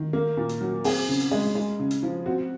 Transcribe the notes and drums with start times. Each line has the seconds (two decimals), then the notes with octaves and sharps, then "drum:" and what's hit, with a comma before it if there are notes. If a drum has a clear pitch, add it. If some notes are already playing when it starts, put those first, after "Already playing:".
Already playing: D#3
0.13 A#3
0.37 A#2
0.49 drum: hi-hat
0.61 F#3
0.84 C4 G#4, drum: open hi-hat
1.08 C#3
1.20 drum: hi-hat
1.31 G#3
1.55 G#3
1.79 C#3
1.91 drum: hi-hat
2.03 F3
2.26 C4 F#4